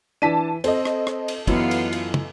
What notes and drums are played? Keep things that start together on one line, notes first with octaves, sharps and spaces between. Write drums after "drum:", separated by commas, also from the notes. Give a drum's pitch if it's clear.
E3 D4 A5 B6 D#7
C4 A4 D#5, drum: cymbal
drum: rim click
drum: rim click
drum: cymbal
F#2 E3 B3 F4, drum: kick, cymbal
drum: cymbal
drum: cymbal
drum: tom